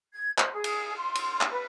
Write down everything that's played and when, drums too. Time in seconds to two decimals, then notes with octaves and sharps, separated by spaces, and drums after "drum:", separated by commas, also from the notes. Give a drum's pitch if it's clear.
0.13 G#6
0.38 C5, drum: clap
0.53 G#4
0.64 drum: cymbal
0.96 C6
1.15 drum: cymbal
1.41 drum: clap
1.51 B4